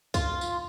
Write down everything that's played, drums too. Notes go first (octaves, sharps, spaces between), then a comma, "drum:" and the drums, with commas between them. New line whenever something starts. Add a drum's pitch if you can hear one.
F4, drum: kick C2, tambourine
drum: tambourine